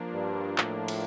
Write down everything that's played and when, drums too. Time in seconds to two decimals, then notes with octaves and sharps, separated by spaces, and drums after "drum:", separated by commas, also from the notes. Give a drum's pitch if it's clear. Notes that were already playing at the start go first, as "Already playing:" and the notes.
Already playing: F3 A#3 D4
0.14 G2
0.58 A2, drum: clap
0.88 drum: cymbal